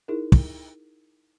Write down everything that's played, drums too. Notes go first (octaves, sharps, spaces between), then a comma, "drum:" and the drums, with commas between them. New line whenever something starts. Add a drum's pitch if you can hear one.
D#4 E4 G#4 A#4
drum: kick